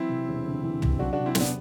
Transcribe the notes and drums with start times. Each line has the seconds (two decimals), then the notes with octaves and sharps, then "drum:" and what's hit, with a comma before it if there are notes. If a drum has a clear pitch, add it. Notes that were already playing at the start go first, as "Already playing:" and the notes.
Already playing: E3 F#3 C4 E4
0.09 C3
0.28 E1
0.46 D2
0.63 E3
0.82 C3, drum: tom
0.99 F#3 D4 F#4
1.13 D4 F#4
1.18 C3
1.26 C4 E4
1.35 E1, drum: snare
1.40 B3 D4